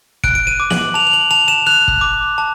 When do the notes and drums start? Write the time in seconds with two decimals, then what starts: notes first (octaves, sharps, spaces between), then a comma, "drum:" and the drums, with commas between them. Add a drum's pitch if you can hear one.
0.24 F#6 D7, drum: kick
0.35 D7
0.47 D#7
0.60 D6
0.70 F#7, drum: snare
0.94 A5 F7
1.07 F7
1.13 F#7
1.31 A5 F7
1.48 E7
1.66 F#6 F7
1.88 drum: kick
2.01 D6
2.38 A5